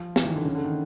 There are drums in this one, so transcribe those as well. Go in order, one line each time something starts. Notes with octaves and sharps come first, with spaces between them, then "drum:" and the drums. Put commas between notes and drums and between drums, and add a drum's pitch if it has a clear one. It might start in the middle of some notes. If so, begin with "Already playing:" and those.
Already playing: F3
E3, drum: snare
D#3
D3
C#3
D3
D#3